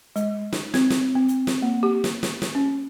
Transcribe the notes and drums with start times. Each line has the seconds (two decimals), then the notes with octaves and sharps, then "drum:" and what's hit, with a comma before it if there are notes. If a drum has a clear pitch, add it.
0.16 G#3, drum: hi-hat
0.53 D#4, drum: snare
0.74 C4, drum: snare
0.90 drum: snare
1.15 C4
1.28 drum: hi-hat
1.47 drum: snare
1.62 A#3
1.83 G4
2.04 drum: snare
2.23 drum: snare
2.42 drum: snare
2.55 C#4